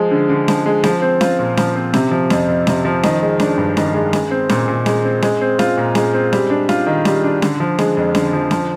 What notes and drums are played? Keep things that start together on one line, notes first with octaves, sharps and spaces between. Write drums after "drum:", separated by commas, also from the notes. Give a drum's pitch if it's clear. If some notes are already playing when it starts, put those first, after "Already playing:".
Already playing: F3 G#3
D3
D3
F3, drum: snare C#4
G#3
F3, drum: snare C#4
C4
F4, drum: snare C#4
A#2
F3, drum: snare C#4
C4
C3, drum: snare C#4
F3
F2, drum: snare C#4
F2
C3, drum: snare C#4
F3
D#3, drum: snare C#4
G#3
D4, drum: snare C#4
G2
D#3, drum: snare C#4
G#3
G#3, drum: snare C#4
C4
A#2, drum: snare C#4
A#2
G#3, drum: snare C#4
C4
G#3, drum: snare C#4
C4
F4, drum: snare C#4
A#2
G#3, drum: snare C#4
C4
G3, drum: snare C#4
D4
F4, drum: snare C#4
D#3
G3, drum: snare C#4
D4
D3, drum: snare C#4
F3
G#3, drum: snare C#4
F2
D3, drum: snare C#4
F3
F3, drum: snare C#4